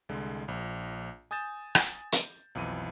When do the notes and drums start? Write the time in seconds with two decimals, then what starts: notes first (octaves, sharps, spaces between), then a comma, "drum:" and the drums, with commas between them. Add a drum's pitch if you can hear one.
0.09 C2 D3 G#3
0.48 A#1
1.31 G#5 D#6 G6 A6 E7
1.75 drum: rim click
2.12 drum: hi-hat
2.55 B1 F2 E3 D#7